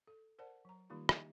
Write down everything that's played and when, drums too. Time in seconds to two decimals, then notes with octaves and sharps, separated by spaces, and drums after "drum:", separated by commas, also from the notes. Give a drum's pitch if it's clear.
0.07 A4
0.39 A#4 C5 D5 F#5 A5
0.65 F#3 A#5
0.90 D#3 G3 A#3 D#4 F4 G4
1.09 D#4 G4 D#5 E5, drum: rim click